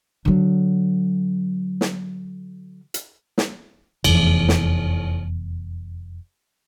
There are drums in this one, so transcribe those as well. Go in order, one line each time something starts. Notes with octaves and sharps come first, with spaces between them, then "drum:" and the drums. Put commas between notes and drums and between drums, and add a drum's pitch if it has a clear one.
D3 F#3
drum: snare
drum: hi-hat
drum: snare
F1 E2, drum: cymbal
drum: snare